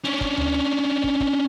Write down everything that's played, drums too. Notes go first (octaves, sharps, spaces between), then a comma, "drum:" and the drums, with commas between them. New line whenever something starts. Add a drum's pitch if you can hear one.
C#4 D4
drum: kick
drum: tom D2
drum: kick
drum: kick